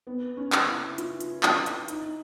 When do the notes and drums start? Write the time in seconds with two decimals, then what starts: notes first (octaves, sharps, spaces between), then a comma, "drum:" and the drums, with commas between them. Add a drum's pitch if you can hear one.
0.07 B3
0.37 C#4
0.52 drum: clap
0.67 E4
0.98 F4, drum: hi-hat
1.21 F4, drum: hi-hat
1.43 F4, drum: clap
1.66 E4, drum: hi-hat
1.88 D#4, drum: hi-hat